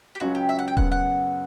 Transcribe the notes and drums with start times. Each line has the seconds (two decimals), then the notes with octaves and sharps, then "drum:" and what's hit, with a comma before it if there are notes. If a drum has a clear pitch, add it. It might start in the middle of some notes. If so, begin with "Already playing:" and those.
0.15 G4
0.20 C#2 C#3 F#3 C#4 F#4
0.35 G4
0.49 E5
0.59 F#5
0.68 G5
0.77 F#2 C#3 F#3 B3 F#5, drum: kick D#1
0.91 F#5